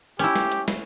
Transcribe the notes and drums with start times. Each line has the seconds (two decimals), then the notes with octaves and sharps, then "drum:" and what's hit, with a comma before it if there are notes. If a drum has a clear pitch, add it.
0.19 C#4 E4 G4, drum: hi-hat
0.36 drum: snare
0.52 drum: hi-hat
0.68 drum: snare